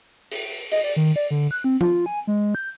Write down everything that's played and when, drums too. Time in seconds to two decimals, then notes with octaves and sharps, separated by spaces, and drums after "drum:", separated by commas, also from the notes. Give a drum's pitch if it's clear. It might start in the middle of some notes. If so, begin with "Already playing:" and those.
0.32 drum: open hi-hat
0.72 D#5, drum: open hi-hat
0.84 D5
0.96 D#3
1.16 D5
1.31 D3
1.51 F#6
1.64 C4
1.81 F4, drum: tom F3
2.06 G#5
2.27 G#3
2.55 G6